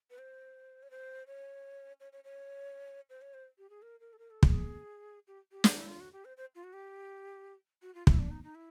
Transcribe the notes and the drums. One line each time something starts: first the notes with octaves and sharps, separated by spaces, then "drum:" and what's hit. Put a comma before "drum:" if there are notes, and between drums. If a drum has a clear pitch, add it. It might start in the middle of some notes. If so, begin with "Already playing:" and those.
B4
C5
C#5
C5
C#5
C#5
C#5
C#5
C5
C#5
C5
G4
G#4
A#4
A#4
A4
A#4
A4
G#4, drum: kick
G4
G4
G#4, drum: snare
E4
F4
F#4
G4
C5
C5
F4
F#4
G4
F#4
F4
E4, drum: kick
D4
D#4
D#4
E4